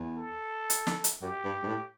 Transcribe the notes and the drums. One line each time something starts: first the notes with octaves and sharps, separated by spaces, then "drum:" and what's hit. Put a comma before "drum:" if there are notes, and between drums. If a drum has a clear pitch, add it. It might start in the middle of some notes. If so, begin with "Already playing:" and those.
Already playing: E2
A4
drum: hi-hat
drum: snare
drum: hi-hat
F#2 G4
G2
G2
A2